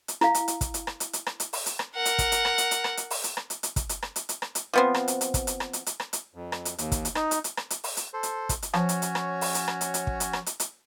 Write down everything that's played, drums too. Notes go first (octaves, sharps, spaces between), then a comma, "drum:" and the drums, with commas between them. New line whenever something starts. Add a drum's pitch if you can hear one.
drum: hi-hat
E4 F5, drum: rim click
drum: hi-hat
drum: hi-hat
drum: kick, hi-hat
drum: hi-hat
drum: rim click
drum: hi-hat
drum: hi-hat
drum: rim click
drum: hi-hat
drum: open hi-hat
drum: hi-hat
drum: rim click
A#4 F#5
drum: hi-hat
drum: kick, hi-hat
drum: hi-hat
drum: rim click
drum: hi-hat
drum: hi-hat
drum: rim click
drum: hi-hat
drum: open hi-hat
drum: hi-hat
drum: rim click
drum: hi-hat
drum: hi-hat
drum: kick, hi-hat
drum: hi-hat
drum: rim click
drum: hi-hat
drum: hi-hat
drum: rim click
drum: hi-hat
F3 B3 C4
drum: rim click
drum: hi-hat
drum: hi-hat
drum: kick, hi-hat
drum: hi-hat
drum: rim click
drum: hi-hat
drum: hi-hat
drum: rim click
drum: hi-hat
F2
drum: rim click
drum: hi-hat
D#2, drum: hi-hat
drum: kick, hi-hat
drum: hi-hat
D#4, drum: rim click
drum: hi-hat
drum: hi-hat
drum: rim click
drum: hi-hat
drum: open hi-hat
drum: hi-hat
A4 C5
drum: hi-hat
drum: kick, hi-hat
drum: hi-hat
F3 C#4 F#4 C#5, drum: rim click
drum: hi-hat
drum: hi-hat
drum: rim click
drum: open hi-hat
drum: hi-hat
drum: rim click
drum: hi-hat
drum: hi-hat
drum: kick
drum: hi-hat
drum: rim click
drum: hi-hat
drum: hi-hat